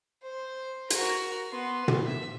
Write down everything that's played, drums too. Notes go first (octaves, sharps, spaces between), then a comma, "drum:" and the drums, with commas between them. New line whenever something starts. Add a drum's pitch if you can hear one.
C5
F#4 A#4, drum: hi-hat
B3 C6
drum: tom
E5